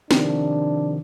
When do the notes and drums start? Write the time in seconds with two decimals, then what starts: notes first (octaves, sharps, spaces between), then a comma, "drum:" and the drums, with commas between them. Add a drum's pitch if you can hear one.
0.11 C3 D#3 F3 D4, drum: snare